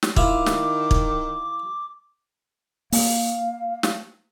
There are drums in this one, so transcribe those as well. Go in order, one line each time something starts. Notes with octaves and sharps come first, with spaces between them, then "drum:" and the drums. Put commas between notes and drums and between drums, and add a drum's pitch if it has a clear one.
drum: snare
D#3 E4 F4 D6, drum: kick
drum: snare
drum: kick
A#3 F5, drum: open hi-hat
drum: snare